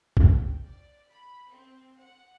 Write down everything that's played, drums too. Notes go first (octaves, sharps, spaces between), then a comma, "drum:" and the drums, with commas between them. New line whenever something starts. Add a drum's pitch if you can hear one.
G5, drum: kick
D5
B5
C4
F#5